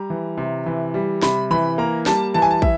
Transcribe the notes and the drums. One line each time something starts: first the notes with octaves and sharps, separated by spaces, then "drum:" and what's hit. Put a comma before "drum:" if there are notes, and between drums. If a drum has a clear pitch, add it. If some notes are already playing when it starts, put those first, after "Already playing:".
Already playing: G3 A#5
E3
C3
E3
G3
C3 B5, drum: snare
E3 B5
A#3 A#5
G3 A5, drum: snare
E3 A5
G#5
A5
E5, drum: kick